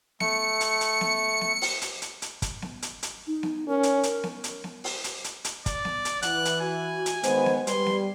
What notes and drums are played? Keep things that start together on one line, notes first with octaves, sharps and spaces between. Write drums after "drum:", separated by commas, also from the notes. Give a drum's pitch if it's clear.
A3 C#7, drum: snare B3
drum: hi-hat
drum: hi-hat
drum: snare B3
drum: snare B3
drum: open hi-hat
drum: hi-hat
drum: hi-hat
drum: hi-hat
drum: kick, hi-hat
drum: snare B3
drum: hi-hat
drum: hi-hat
D#4
drum: snare B3
C#4 A#4
drum: hi-hat
drum: hi-hat
drum: snare B3
drum: hi-hat
drum: snare B3
drum: open hi-hat
drum: hi-hat
drum: hi-hat
drum: hi-hat
D5, drum: kick, hi-hat
drum: snare B3
drum: hi-hat
E3 F#5 F#6, drum: hi-hat
drum: hi-hat
F#4 G#5
drum: hi-hat
D#3 G#3 B3 C5, drum: hi-hat
drum: snare B3
G3 B4 C6, drum: hi-hat
drum: snare B3